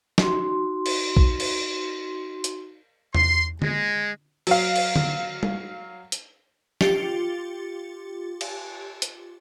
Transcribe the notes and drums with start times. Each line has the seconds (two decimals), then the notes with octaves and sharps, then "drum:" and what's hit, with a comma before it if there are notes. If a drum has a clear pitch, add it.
0.18 D#4 F#4 C6, drum: snare
0.86 drum: cymbal
1.17 drum: kick
1.40 drum: cymbal
2.44 drum: hi-hat
3.14 C6, drum: tom E2
3.62 G#3, drum: tom D3
4.47 F#3 F5, drum: cymbal
4.76 drum: cymbal
4.96 drum: tom D3
5.43 drum: tom G3
6.12 drum: hi-hat
6.81 F4 G4 A6 C#7, drum: snare
8.41 drum: cymbal
9.02 drum: hi-hat